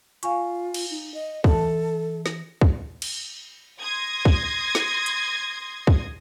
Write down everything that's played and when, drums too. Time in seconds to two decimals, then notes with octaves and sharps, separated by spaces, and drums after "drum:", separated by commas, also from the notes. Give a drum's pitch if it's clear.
0.23 F4 F5 G#5 C#6, drum: hi-hat
0.74 drum: cymbal
0.90 D#4
1.14 D#5
1.44 E3 A4 A5, drum: kick
2.26 A#6, drum: snare
2.61 drum: kick
3.02 drum: cymbal
3.80 C6 D#6 G#6 A#6
4.25 drum: kick
4.75 drum: snare
5.06 drum: hi-hat
5.87 drum: kick